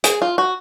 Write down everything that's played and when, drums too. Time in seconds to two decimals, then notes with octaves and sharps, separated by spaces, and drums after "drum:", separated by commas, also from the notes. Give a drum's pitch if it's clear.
0.04 G#4, drum: hi-hat
0.22 F4
0.38 F#4